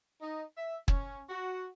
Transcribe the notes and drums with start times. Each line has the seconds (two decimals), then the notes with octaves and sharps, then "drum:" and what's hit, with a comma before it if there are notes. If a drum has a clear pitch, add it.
0.22 D#4
0.56 E5
0.88 C#4, drum: kick
1.29 F#4